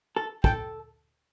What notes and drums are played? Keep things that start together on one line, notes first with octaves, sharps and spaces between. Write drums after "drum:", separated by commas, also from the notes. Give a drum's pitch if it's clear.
A4
A4 G5, drum: kick